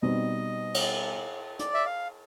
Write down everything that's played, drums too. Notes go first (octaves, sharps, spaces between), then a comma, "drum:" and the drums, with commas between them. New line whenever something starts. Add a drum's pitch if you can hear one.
B2 G3 C4 D#4 D#5
drum: cymbal
D5, drum: hi-hat
E5
F5